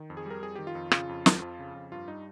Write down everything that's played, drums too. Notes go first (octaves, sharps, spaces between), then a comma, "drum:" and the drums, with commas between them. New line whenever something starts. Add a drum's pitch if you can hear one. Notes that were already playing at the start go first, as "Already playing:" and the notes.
Already playing: D#3
F2
G#4
G3 A#4
F2 G#4
D#3 G4
F4
F2
C#3 F4, drum: rim click
F2
F3, drum: snare
F2
C#3
F2
G2 F4
G3 D#4